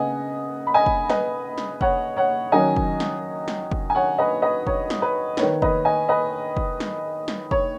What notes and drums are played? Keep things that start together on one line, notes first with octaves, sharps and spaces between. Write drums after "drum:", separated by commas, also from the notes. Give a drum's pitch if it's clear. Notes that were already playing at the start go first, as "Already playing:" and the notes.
Already playing: C#3 B3 D#5 F#5 G#5
B5
D#5 G#5
drum: kick
B4 D#5, drum: snare
drum: snare
C#5 F#5, drum: kick
C#5 F#5
D#3 F#3 C#4 D#5 G#5
drum: kick
drum: snare
drum: snare
drum: kick
G#5
C#5 F#5
B4 D#5
B4 D#5
C#5, drum: kick
drum: snare
B4
D#3 B3 C#5, drum: snare
B4 D#5, drum: kick
D#5 G#5
B4 D#5
drum: kick
drum: snare
drum: snare
C#5, drum: kick